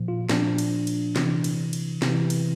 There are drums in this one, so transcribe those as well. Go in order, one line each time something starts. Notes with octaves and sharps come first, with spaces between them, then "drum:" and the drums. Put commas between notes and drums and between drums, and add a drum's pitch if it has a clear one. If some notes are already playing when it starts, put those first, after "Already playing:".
Already playing: A#2 F3
F4
A#2 F3 D4, drum: snare
drum: cymbal
drum: cymbal
C3 E3, drum: snare
drum: cymbal
drum: cymbal
C3 E3, drum: snare
drum: cymbal